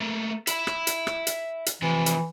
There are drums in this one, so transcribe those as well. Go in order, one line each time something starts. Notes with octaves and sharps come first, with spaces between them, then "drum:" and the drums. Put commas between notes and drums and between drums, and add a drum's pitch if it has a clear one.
A3 A#3
E5 B5, drum: hi-hat
drum: rim click
drum: hi-hat
drum: rim click
drum: hi-hat
drum: hi-hat
C3 E3 F3
drum: hi-hat